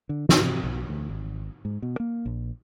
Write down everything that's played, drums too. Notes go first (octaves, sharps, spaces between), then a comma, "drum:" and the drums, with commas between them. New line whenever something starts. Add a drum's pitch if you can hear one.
D3
D#3, drum: snare
C3
B1
D2
G#1
G#2
B2
A#3
A#1